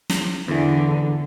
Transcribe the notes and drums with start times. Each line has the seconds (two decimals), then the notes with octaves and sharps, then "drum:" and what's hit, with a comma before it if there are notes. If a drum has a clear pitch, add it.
0.10 drum: snare
0.48 E2 D3 E3